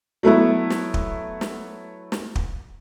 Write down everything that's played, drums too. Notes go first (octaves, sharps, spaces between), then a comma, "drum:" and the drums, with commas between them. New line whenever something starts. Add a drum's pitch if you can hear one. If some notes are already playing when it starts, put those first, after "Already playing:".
F#3 A3 B3 E4
drum: snare
drum: kick
drum: snare
drum: snare
drum: kick